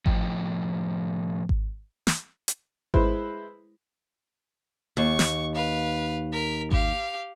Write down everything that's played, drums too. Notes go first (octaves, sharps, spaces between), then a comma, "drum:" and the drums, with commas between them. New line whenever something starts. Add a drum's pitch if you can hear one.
A2 F3 D#5 G5, drum: kick G#1
drum: kick G#1
drum: snare
drum: hi-hat
G#3 E4 B4 C5, drum: kick G#1
D#2 C#6
drum: snare
B4 F5
A#4 B6
G4 F5, drum: kick G#1